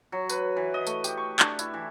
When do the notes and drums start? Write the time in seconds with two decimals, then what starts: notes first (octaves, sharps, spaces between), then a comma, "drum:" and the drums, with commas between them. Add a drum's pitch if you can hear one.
0.12 F#3
0.30 B4, drum: tambourine
0.56 E3
0.74 D#5
0.87 A3, drum: tambourine
1.04 G4, drum: tambourine
1.17 C#6
1.39 D4, drum: clap
1.59 E4, drum: tambourine
1.74 E3